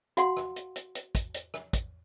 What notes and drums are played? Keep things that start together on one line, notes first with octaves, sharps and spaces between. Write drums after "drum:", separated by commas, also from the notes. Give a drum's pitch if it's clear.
F#4 F5 F#5 C6, drum: hi-hat
drum: rim click
drum: hi-hat
drum: hi-hat
drum: hi-hat
drum: kick, hi-hat
drum: hi-hat
drum: rim click
drum: kick, hi-hat